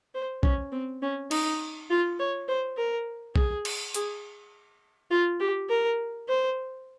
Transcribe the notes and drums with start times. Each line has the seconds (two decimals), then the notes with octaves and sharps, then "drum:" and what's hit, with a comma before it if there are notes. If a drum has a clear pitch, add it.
0.15 C5
0.43 C#4, drum: kick B1
0.72 C4
1.02 C#4
1.31 D#4, drum: cymbal
1.90 F4
2.19 C#5
2.48 C5
2.77 A#4
3.36 G#4, drum: kick B1
3.65 drum: cymbal
3.94 G#4, drum: hi-hat
5.11 F4
5.40 G4
5.69 A#4
6.28 C5